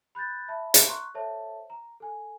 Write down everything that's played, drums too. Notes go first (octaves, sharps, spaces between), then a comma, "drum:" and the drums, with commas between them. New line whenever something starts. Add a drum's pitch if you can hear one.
B5 F#6 G6 A6
E5 A5 B5
drum: hi-hat
A#5 C6 C#6 F#6
A4 C5 C#5 E5 A5
A#5
A4 G#5